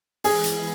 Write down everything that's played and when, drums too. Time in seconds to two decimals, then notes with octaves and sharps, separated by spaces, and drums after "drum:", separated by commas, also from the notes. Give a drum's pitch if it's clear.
0.24 E3 G#3 B3 E4 G#4, drum: open hi-hat
0.44 drum: hi-hat